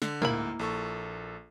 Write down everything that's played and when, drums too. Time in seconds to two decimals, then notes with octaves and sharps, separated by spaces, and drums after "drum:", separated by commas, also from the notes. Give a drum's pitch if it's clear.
0.02 D3, drum: snare
0.22 D2 G#2 A#3 E4 B5, drum: tom
0.59 A#1 A4 C#6